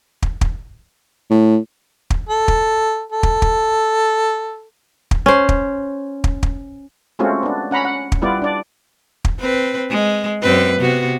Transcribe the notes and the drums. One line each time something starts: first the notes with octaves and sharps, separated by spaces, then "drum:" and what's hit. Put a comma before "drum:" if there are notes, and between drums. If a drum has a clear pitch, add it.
drum: kick
drum: kick
A2
drum: kick
A4
drum: kick
A4
drum: kick
drum: kick
drum: kick
C#4 C5
drum: kick
drum: kick
drum: kick
G#3 A3 C4 C#4 F4 F#4
B3 D4
C#4 F#5 A#5 B5
F#5
drum: kick
G3 B3 E4 F4 D5
D4 D5
drum: kick
C4 B4
G#3
F#2 C4 B4
C3 B3 F#4